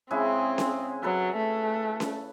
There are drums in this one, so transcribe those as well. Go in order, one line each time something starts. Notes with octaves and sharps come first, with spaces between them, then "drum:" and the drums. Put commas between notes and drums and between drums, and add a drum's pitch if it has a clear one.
C#3 G#3 C4 E4
drum: snare C#4
F#3 A4 B4
A3
drum: snare C#4